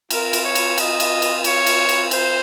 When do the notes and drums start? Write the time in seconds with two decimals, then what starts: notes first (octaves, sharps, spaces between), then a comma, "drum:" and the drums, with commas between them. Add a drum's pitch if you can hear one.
0.10 C4 F4 A#4, drum: cymbal
0.33 drum: cymbal
0.44 C#5
0.55 drum: cymbal
0.78 D#5, drum: cymbal
1.00 drum: cymbal
1.22 drum: cymbal
1.44 C#5, drum: cymbal
1.66 drum: cymbal
1.89 drum: cymbal
2.11 C5, drum: cymbal